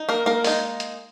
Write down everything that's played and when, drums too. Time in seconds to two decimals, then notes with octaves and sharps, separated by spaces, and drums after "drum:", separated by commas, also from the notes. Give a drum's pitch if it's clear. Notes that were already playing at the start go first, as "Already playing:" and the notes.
Already playing: D#4
0.09 A#3 A#4
0.26 A#3 A#4
0.44 G#3 D#4, drum: open hi-hat
0.80 drum: hi-hat